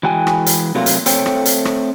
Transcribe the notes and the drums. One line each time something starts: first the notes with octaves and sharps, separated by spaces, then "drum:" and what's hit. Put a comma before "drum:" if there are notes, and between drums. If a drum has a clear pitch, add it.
E3 G#3 F#4 G5 G#5
drum: rim click
drum: hi-hat
C3 F#3 A3 A#3 F4
drum: hi-hat
A3 C4 A4 C5 C#5 G5, drum: hi-hat
drum: rim click
drum: hi-hat
drum: rim click